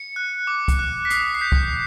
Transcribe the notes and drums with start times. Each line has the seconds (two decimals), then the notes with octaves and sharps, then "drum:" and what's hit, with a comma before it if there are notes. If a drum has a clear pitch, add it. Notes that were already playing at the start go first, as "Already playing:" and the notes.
Already playing: C#7
0.16 F#6
0.47 D6
0.68 drum: kick, hi-hat
0.79 F#6
1.05 B6
1.10 D#6 C7, drum: hi-hat
1.35 C7
1.41 G6 B6
1.52 drum: kick